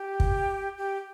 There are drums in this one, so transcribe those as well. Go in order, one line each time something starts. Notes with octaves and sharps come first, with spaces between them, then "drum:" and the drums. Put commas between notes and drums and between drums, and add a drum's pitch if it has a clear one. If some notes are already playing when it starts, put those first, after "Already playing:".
Already playing: G4
drum: kick
G4